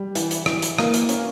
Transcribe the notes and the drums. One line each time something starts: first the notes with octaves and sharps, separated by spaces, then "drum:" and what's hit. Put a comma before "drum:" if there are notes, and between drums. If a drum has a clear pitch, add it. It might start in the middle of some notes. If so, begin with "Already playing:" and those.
Already playing: G3
E3, drum: hi-hat
drum: hi-hat
E3, drum: rim click
drum: hi-hat
A#3, drum: rim click
drum: hi-hat
C#4, drum: hi-hat